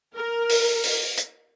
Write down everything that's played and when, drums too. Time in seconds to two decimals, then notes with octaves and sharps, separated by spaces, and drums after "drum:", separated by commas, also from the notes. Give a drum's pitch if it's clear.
0.16 A#4
0.50 drum: open hi-hat
0.84 drum: open hi-hat
1.18 drum: hi-hat